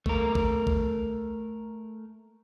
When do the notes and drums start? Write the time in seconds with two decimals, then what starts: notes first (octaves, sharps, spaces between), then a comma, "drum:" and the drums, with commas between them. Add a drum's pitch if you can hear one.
0.06 A3 A#4, drum: kick A#1
0.35 drum: kick A#1
0.67 drum: kick A#1